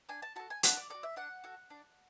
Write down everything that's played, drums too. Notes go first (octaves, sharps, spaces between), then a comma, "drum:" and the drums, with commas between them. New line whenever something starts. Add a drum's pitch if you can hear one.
D4 G#5
A5
F#4 A4 A5
G#5
D4 F#5, drum: hi-hat
D5
F#4 A4 D5
E5
D4 F#5
F#4 A4
D4